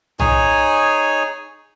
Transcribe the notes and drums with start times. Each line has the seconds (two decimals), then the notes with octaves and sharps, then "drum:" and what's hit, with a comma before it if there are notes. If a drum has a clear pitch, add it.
0.19 D#4 G#4 C#5 G#5, drum: tom